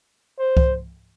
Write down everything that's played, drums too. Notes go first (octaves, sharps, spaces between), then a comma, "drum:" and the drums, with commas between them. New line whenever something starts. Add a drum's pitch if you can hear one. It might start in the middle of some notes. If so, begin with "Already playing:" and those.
C5
drum: kick C2